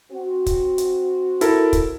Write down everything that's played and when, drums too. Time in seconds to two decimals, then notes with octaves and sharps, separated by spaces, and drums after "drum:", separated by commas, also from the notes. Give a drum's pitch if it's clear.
0.11 C4 F#4
0.46 drum: kick, hi-hat
0.78 drum: hi-hat
1.41 E4 A4 A#4, drum: hi-hat
1.73 drum: kick, hi-hat